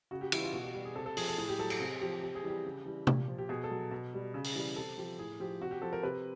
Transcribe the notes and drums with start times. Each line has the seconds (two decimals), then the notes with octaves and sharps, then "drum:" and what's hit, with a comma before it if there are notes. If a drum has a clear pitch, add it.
0.11 C#3 F#4
0.21 G4
0.32 E3 G3 E4, drum: cymbal
0.43 F4
0.53 B2 F#4
0.64 G4
0.74 G3 G4
0.85 G#4
0.96 C3 A4
1.06 A4
1.17 F3 G#4, drum: open hi-hat
1.28 A4
1.38 A2 G#4
1.49 G4
1.59 F#3 A4
1.70 A4, drum: cymbal
1.80 C3 G#4
2.01 F3 G4
2.23 C3 G4
2.35 G#4
2.43 E3 G3 G4
2.65 C#3
2.85 E3 G3
3.07 A#2 G4, drum: tom C3
3.28 F3
3.38 G4
3.49 B2 G#4
3.64 A4
3.71 F#3
3.91 B2
4.14 G3
4.34 C#3
4.44 drum: open hi-hat
4.55 E3 G3
4.76 C3 A4
4.98 F3 G4
5.19 A2 G#4
5.40 F3 G4
5.60 C3 F#4
5.71 G4
5.82 F3 A4
5.93 A#4
6.03 C3 B4